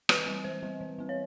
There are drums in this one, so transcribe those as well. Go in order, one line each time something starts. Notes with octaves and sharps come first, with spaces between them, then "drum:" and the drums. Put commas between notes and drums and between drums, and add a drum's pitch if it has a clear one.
E3 B4, drum: rim click
G3 C4
E3 C5
G3 C4
E3
G3 C4
C#5